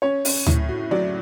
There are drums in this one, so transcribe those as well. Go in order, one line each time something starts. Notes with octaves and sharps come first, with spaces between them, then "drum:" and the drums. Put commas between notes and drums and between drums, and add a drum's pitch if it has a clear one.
C#4 C#5
C#4, drum: open hi-hat
A2, drum: tom D2
F#4
F#3 D5